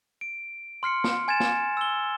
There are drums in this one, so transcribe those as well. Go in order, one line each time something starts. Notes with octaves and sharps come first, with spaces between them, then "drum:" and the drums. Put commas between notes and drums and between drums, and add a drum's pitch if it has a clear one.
D7
C6 F6 C7 C#7
drum: snare F5
G#5 G#6 A6 E7
drum: snare F5
E6 G7